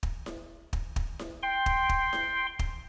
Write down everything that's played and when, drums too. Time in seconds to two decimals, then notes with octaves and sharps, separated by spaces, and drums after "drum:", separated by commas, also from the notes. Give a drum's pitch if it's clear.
0.03 drum: kick
0.26 drum: snare E4
0.73 drum: kick
0.96 drum: kick
1.19 drum: snare E4
1.43 G5 C6
1.66 drum: kick
1.89 drum: kick
2.13 drum: snare E4
2.59 drum: kick